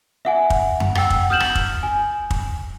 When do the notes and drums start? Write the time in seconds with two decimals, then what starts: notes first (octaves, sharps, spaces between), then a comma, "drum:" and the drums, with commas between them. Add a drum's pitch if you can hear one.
0.25 E5 F#5 G#5
0.50 drum: kick
0.80 drum: tom F2
0.95 F#5 G5 E6, drum: rim click
1.10 drum: kick
1.30 D#6 F6 G6 E7 F#7
1.40 drum: rim click
1.55 drum: kick
1.83 G#5
2.30 drum: kick